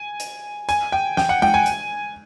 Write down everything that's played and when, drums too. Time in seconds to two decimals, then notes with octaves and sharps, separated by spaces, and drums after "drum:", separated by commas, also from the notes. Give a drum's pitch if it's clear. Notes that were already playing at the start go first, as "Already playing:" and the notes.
Already playing: G#5
0.20 drum: hi-hat
0.69 G#5, drum: hi-hat
0.92 G5
1.17 G5, drum: snare
1.29 F#5
1.42 G5, drum: tom G#3
1.54 G#5
1.66 drum: hi-hat